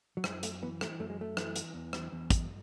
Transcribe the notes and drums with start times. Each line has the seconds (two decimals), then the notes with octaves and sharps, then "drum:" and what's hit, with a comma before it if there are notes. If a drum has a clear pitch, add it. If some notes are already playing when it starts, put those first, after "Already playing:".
0.17 F#3
0.24 F#2 G#3, drum: rim click
0.43 A3, drum: hi-hat
0.62 E3 B3
0.81 A3, drum: rim click
1.00 F#2 A3
1.10 G#3
1.21 A3
1.37 E3, drum: rim click
1.56 drum: hi-hat
1.74 E2
1.93 drum: rim click
2.12 E2
2.30 drum: kick, hi-hat